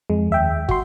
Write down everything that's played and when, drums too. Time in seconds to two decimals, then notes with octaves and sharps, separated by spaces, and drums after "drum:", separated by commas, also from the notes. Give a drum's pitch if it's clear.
0.10 F2 G#3
0.30 D#2 E5 G5
0.69 F#4 C6, drum: kick